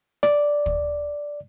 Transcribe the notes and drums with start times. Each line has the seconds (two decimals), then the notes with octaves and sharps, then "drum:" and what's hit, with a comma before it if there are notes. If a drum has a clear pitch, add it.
0.23 D5, drum: rim click
0.66 drum: kick